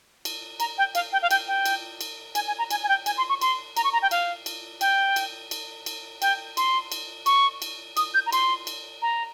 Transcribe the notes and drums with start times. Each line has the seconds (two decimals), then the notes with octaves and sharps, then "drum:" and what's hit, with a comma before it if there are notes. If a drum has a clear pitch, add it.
0.25 drum: cymbal
0.60 A#5, drum: cymbal
0.78 G5
0.95 F5, drum: cymbal
1.13 G5
1.22 F5
1.31 G5, drum: cymbal
1.48 G5
1.66 drum: cymbal
2.01 drum: cymbal
2.35 G#5, drum: cymbal
2.47 G#5
2.58 A#5
2.71 G#5, drum: cymbal
2.83 G#5
2.89 G5
3.06 G#5, drum: cymbal
3.18 C6
3.29 C#6
3.41 C6, drum: cymbal
3.77 A#5, drum: cymbal
3.84 C#6
3.93 A#5
4.02 G5
4.11 F5, drum: cymbal
4.46 drum: cymbal
4.81 G5, drum: cymbal
5.16 drum: cymbal
5.51 drum: cymbal
5.86 drum: cymbal
6.22 G5, drum: cymbal
6.57 C6, drum: cymbal
6.92 drum: cymbal
7.26 C#6, drum: cymbal
7.62 drum: cymbal
7.97 D#6, drum: cymbal
8.14 G6
8.26 A#5
8.32 C6, drum: cymbal
8.67 drum: cymbal
9.02 A#5